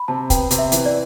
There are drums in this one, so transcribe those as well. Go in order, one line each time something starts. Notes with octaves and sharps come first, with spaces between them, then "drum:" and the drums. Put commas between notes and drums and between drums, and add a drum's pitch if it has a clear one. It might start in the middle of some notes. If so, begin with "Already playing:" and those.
Already playing: B5
C3 A5
B3 G5, drum: kick, hi-hat
C3, drum: hi-hat
E5
E3, drum: hi-hat
D5